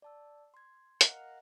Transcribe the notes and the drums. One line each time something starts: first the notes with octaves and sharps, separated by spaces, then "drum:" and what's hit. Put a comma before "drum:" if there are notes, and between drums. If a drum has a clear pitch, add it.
D5 A5 E6
C6 G#6
A#4 D#5 F5 F#5, drum: hi-hat